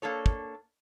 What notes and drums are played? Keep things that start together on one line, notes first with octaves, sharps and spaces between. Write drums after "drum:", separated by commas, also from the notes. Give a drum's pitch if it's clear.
A#3 D4 A4 C#5
drum: kick